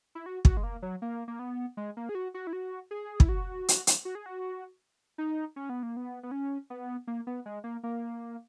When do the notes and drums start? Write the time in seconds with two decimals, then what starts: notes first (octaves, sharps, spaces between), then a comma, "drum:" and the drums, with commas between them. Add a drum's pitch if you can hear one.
0.15 E4
0.26 F#4
0.45 F#4, drum: kick
0.57 G#3
0.63 A#3
0.82 F#3
1.02 A#3
1.28 A#3
1.39 B3
1.77 G#3
1.97 A#3
2.09 G#4
2.15 F#4
2.34 F#4
2.47 E4
2.53 F#4
2.91 G#4
3.20 E4, drum: kick
3.29 F#4
3.68 drum: hi-hat
3.87 drum: hi-hat
4.05 F#4
4.15 G#4
4.26 F#4
5.18 D#4
5.56 C#4
5.69 B3
5.83 A#3
5.97 B3
6.23 B3
6.31 C#4
6.70 B3
7.07 A#3
7.27 B3
7.46 G#3
7.64 A#3
7.83 A#3